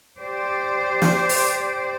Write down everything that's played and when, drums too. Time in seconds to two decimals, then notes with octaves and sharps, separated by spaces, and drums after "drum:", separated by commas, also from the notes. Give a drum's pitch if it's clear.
0.17 G4 C5 D5
1.02 drum: snare
1.29 drum: open hi-hat